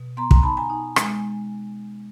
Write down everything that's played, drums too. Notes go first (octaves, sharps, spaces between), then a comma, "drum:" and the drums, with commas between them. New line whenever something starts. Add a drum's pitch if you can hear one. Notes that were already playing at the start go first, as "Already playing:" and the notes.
Already playing: B2
B3 A#5 C6
A#5 C6, drum: kick
D#4 A5 B5
G#5 A#5
D#4
G#3, drum: rim click